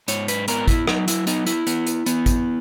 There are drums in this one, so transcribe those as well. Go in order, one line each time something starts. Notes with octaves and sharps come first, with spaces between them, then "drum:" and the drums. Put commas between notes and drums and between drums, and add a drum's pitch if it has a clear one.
G#2 C#5, drum: hi-hat
B4, drum: hi-hat
B3 A#4, drum: hi-hat
E4, drum: kick, hi-hat
F#3 D#4, drum: rim click
E4, drum: hi-hat
B3 D#4, drum: hi-hat
E4, drum: hi-hat
B3, drum: hi-hat
drum: hi-hat
B3, drum: hi-hat
drum: kick, hi-hat